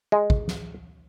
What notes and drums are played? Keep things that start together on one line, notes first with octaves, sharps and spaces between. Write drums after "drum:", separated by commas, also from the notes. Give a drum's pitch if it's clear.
G#3
drum: kick
drum: snare